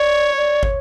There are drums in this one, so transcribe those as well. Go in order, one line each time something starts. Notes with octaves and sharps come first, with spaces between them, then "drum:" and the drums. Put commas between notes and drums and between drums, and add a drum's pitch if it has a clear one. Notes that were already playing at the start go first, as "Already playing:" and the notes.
Already playing: C#5 D5
D5
C#5, drum: kick